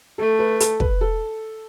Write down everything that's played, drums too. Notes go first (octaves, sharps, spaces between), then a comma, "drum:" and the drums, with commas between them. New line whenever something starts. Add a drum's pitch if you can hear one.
A3 A4
B4
A4, drum: hi-hat
B4, drum: kick
A4